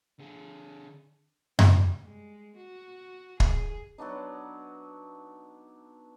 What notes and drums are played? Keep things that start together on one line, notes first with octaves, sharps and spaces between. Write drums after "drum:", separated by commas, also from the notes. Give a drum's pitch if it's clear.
D3 G#4
G3, drum: tom F#2
G#3
F#4
G#4, drum: kick
F#3 B3 D4 D#4